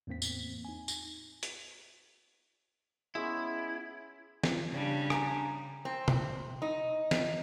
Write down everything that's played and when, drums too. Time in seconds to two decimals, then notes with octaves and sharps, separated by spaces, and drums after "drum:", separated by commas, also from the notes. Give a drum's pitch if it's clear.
0.07 E2 A2 A#3 C4 B6
0.22 drum: tambourine
0.65 D#4 G#5
0.88 drum: tambourine
1.43 drum: hi-hat
3.15 G#3 B3 C#4 E4
4.44 drum: snare
4.71 C#3 G3 D4
5.10 G#5 A#5, drum: rim click
5.85 C4
6.08 drum: tom B2
6.62 D#4
7.11 drum: snare